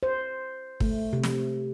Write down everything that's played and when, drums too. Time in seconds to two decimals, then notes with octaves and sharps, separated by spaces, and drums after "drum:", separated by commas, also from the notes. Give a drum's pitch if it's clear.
0.03 C5
0.80 A3, drum: kick
1.13 C3
1.24 drum: snare